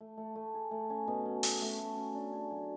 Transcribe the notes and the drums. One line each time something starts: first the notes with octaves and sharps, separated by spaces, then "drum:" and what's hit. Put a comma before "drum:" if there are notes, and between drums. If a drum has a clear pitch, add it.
A3
A3
A3
G#4
A3
C#4
B2
C#4
F#4, drum: open hi-hat
A3
A3
C#4
D4
G#4
F#3